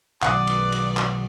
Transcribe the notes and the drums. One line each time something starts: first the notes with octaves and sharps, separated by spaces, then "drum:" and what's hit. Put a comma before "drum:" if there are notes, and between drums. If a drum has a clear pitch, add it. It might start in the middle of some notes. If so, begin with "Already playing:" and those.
B2 D#3 F#3 D5 F#5 D#6, drum: clap
drum: cymbal
drum: cymbal
drum: clap